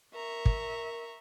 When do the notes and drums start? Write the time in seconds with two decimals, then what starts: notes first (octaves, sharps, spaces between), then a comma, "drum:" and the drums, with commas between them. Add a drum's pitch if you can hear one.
0.14 A#4 E5 A#5 C#6
0.45 drum: kick